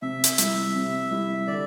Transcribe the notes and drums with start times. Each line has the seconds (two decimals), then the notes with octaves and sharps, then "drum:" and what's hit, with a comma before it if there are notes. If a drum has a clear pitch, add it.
0.02 C3 E5
0.24 drum: hi-hat
0.38 G3 E4, drum: hi-hat
0.75 C3
1.11 G3 E4
1.47 D3 D5